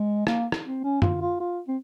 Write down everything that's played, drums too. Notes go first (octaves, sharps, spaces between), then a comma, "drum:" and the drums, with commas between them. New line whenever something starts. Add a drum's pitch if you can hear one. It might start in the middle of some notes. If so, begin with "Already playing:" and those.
Already playing: G#3
A#3, drum: rim click
drum: rim click
C4
C#4
F4, drum: tom F#2
F4
F4
C4